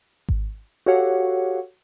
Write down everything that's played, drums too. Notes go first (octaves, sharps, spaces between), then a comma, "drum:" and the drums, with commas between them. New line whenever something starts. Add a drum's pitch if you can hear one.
drum: kick G#1
F#4 G4 A4 C#5 F5 F#5